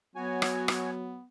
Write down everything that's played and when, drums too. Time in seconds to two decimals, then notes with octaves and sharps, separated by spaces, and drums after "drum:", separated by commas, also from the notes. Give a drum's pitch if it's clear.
0.16 F#3 B3 F#4 C#5 G#5
0.42 drum: rim click
0.68 drum: rim click